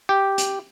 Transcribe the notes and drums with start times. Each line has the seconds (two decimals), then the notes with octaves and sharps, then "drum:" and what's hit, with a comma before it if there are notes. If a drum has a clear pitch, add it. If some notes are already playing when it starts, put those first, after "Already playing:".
0.09 G4
0.38 drum: hi-hat